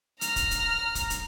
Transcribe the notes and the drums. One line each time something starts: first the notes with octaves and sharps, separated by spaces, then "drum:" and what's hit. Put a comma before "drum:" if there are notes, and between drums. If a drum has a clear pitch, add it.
A#5 F6, drum: hi-hat
drum: kick, hi-hat
drum: hi-hat
drum: kick, hi-hat
drum: hi-hat